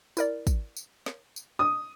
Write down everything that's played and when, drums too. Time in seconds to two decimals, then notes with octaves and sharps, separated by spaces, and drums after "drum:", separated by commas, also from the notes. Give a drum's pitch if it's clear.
0.17 E4 A#4 D5, drum: tambourine
0.47 drum: kick, tambourine
0.77 drum: tambourine
1.06 drum: snare
1.36 drum: tambourine
1.59 D#6